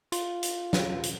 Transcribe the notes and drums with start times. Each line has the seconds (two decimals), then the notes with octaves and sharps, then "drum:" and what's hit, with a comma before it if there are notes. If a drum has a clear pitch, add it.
0.12 F4, drum: hi-hat
0.43 drum: hi-hat
0.73 drum: snare
1.03 drum: hi-hat